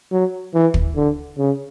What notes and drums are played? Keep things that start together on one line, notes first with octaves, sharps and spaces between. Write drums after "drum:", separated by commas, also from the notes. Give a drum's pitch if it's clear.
F#3
E3
drum: kick
D3
C#3